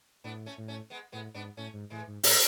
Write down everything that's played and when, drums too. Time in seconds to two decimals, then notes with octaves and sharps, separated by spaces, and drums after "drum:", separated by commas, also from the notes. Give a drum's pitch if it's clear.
0.24 A2 B3 D4
0.46 A3 C#4
0.58 A2
0.68 A3 C#4
0.90 G#3 B3
1.12 A2 G#3 B3
1.34 G#2 B3 D4
1.57 A2 A3 C#4
1.73 G#2
1.90 A2 E3 G#3
2.07 G#2
2.23 A2, drum: open hi-hat